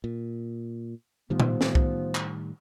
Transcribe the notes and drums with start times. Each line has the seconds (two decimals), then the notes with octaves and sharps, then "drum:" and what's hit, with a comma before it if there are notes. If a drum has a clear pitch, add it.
0.04 A#2
1.30 A2 D#3 F3 G3 B3
1.40 drum: tom A#2
1.61 drum: snare
1.75 drum: kick C2
2.15 drum: clap